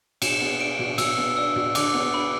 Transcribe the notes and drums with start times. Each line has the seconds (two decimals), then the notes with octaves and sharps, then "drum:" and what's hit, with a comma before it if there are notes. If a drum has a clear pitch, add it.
0.22 B2 E7, drum: cymbal
0.41 B3
0.60 D4 D7
0.79 B2
0.98 B2 E6, drum: cymbal
1.18 B3
1.37 D4 E6
1.56 B2
1.75 D3 D6, drum: cymbal
1.94 B3
2.13 D4 B5